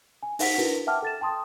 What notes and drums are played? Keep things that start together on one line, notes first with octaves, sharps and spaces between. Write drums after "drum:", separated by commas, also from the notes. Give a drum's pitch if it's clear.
G#5
D#4 C5 F#5 B6, drum: open hi-hat
D4 E4 F#4 A#4 B4
E5 F#5 G5 A5 D6 F6
A4 A6 E7
G5 A5 C6 D#6